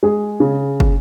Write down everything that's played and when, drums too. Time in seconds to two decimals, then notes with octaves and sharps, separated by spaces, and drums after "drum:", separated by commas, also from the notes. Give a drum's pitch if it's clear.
0.03 G#3 G#4
0.40 C#3
0.80 drum: kick